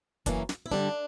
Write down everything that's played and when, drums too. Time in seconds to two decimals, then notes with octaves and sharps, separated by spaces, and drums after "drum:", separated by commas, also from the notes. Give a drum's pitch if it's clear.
0.26 F#2 E3 A#3 C#4 D4, drum: kick, hi-hat
0.49 drum: snare
0.66 E4
0.72 G2 D3 G3 D4